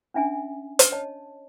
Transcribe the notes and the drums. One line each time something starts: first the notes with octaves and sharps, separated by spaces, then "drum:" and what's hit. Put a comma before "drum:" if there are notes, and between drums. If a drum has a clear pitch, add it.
C#4 D4 E5 G#5
drum: hi-hat
C#5 D#5 A5